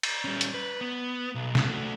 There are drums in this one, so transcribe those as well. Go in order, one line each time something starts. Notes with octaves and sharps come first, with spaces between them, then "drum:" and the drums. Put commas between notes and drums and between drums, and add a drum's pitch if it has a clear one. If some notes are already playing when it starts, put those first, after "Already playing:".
drum: cymbal
G3 C#4
drum: hi-hat
B4
B3
B1
drum: snare
A3 F#4